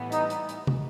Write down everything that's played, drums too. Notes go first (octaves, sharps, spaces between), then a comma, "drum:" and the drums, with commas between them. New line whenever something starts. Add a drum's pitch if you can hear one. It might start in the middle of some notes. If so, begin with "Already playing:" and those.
Already playing: A2 E3 G3 B3
D#4, drum: hi-hat
drum: hi-hat
drum: hi-hat
drum: tom